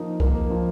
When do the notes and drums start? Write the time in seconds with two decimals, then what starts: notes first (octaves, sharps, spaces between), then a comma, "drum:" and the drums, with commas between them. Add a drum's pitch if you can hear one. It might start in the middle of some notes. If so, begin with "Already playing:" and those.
Already playing: F3 A#3 D#4
0.20 A#3, drum: kick C2
0.50 F3